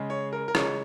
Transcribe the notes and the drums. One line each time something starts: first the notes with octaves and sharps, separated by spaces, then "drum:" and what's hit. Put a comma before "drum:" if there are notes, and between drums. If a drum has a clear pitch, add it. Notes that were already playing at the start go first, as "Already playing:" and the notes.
Already playing: C#3 G#3
C#5
A#4
A#4
C#3 G#3 C#5, drum: rim click